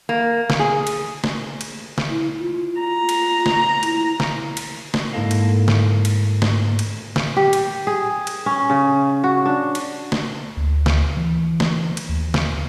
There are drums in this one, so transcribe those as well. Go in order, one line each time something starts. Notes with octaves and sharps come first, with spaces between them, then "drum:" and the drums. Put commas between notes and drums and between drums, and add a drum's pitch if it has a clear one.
A#3
drum: snare
G#4
drum: cymbal
drum: snare
drum: cymbal
drum: snare
E4
F4
A#5
drum: cymbal
drum: snare
E4, drum: cymbal
drum: snare
drum: cymbal
drum: snare
G#2 A#3 E4 A4 D#5 F5
drum: cymbal
drum: snare
drum: cymbal
drum: snare
drum: cymbal
drum: snare
G4
drum: cymbal
G#4
drum: cymbal
C#4
C#3
F#4
D4
drum: cymbal
drum: snare
D2
drum: snare
E3
drum: snare
drum: cymbal
D#2
drum: snare